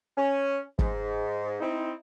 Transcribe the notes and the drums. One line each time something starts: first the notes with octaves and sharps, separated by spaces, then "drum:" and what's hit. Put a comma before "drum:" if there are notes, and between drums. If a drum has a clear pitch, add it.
C#4
G#2, drum: kick G1
C4 D#4 E4